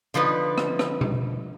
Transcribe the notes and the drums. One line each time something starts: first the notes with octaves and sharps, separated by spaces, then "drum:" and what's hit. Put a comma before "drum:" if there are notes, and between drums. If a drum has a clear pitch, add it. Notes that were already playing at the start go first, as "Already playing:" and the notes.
D3 F3 D#4 B4
drum: rim click
drum: rim click
drum: tom B2